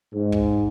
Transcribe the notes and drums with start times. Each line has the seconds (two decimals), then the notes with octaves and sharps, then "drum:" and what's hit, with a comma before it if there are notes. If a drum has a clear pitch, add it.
0.14 G#2
0.32 drum: kick